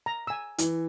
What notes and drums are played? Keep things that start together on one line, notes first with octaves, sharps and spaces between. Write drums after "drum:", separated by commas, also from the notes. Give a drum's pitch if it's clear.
A#5
G#5 E6
E3, drum: hi-hat